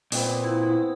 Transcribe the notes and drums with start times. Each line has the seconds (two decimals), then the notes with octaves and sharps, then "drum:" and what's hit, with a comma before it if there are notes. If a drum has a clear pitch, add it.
0.12 A#2 B3 C4 D#5, drum: open hi-hat
0.44 E4